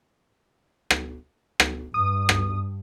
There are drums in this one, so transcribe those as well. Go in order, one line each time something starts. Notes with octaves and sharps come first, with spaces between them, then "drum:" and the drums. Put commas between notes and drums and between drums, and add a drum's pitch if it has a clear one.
drum: rim click
drum: rim click
G2 D#6
drum: rim click